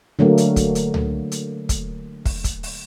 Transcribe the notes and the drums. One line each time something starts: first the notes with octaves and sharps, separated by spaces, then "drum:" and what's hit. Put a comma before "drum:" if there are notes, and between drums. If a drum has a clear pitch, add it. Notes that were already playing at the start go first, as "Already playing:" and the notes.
D3 F#3 A3 A#3
drum: hi-hat
drum: kick, hi-hat
drum: hi-hat
drum: tom C#2
drum: hi-hat
drum: kick, hi-hat
drum: kick, open hi-hat
drum: kick, hi-hat
drum: open hi-hat